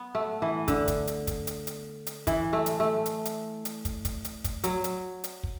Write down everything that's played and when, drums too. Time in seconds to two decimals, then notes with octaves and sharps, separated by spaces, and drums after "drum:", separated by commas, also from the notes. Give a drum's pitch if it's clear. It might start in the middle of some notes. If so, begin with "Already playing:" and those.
Already playing: B3
0.15 A3
0.42 E3
0.68 D3, drum: kick, hi-hat
0.88 drum: kick, hi-hat
1.07 drum: hi-hat
1.27 drum: kick, hi-hat
1.47 drum: hi-hat
1.67 drum: hi-hat
2.07 drum: hi-hat
2.27 E3, drum: kick, hi-hat
2.53 A3
2.66 drum: hi-hat
2.80 A3
3.06 drum: hi-hat
3.25 drum: hi-hat
3.65 drum: hi-hat
3.85 drum: kick, hi-hat
4.05 drum: kick, hi-hat
4.25 drum: hi-hat
4.44 drum: kick, hi-hat
4.64 F#3, drum: hi-hat
4.84 drum: hi-hat
5.24 drum: hi-hat
5.43 drum: kick